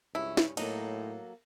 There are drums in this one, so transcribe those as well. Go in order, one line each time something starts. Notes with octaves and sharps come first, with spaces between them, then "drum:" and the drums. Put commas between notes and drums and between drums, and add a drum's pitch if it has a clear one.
C#2 G2 C#4 E4
drum: snare
A2 F#3 A#3 D#4 A4, drum: cymbal